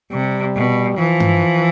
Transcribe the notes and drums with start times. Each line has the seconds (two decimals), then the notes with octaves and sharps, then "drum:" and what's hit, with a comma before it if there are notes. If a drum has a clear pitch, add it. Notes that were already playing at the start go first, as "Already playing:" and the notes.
0.12 C3 G3
0.56 B2
0.98 E3 F3
1.20 drum: tom G2